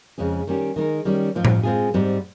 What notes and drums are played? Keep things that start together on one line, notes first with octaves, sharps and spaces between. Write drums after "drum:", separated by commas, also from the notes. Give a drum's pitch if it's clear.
F2 C#3 G#3 C#4 G#4
D#3 G3 C#4 G4
D#3 G#3 D#4 A#4
D#3 G3 C#4
G#2 F3 C4
drum: tom A2
G#3 C4 F4 G#4
G#2 G3 C4